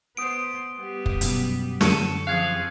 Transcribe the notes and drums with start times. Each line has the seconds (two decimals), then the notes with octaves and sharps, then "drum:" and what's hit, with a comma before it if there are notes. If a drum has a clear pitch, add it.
0.17 B3 C5 D#6 D7
0.78 G3 B3 G4
1.06 drum: kick
1.21 F#2 B2, drum: hi-hat
1.81 F#2 D3 A4 C#6 C#7 D#7, drum: snare
2.27 F3 C4 G#4 F5 F#6 G#6